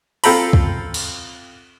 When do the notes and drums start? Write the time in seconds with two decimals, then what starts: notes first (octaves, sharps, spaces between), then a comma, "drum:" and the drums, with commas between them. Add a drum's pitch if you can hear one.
0.24 C4 F4 A4 G5 A#5 B5, drum: open hi-hat
0.53 drum: kick
0.94 drum: cymbal